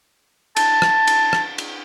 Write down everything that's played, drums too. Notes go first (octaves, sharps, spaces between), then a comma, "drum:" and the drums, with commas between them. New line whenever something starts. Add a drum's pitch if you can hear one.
A5, drum: cymbal
drum: rim click
drum: cymbal
drum: rim click
drum: cymbal